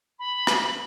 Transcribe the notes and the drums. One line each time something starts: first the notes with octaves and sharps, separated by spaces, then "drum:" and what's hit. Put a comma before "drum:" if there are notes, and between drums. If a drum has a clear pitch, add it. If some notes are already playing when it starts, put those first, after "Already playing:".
B5
drum: rim click